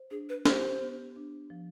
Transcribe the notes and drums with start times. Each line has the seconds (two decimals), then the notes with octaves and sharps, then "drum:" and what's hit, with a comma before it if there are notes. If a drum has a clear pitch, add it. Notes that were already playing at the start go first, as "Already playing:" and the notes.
Already playing: C5
0.11 D4 G#4
0.29 B4
0.45 G4 C5, drum: snare
0.81 B3
1.16 D4
1.50 F3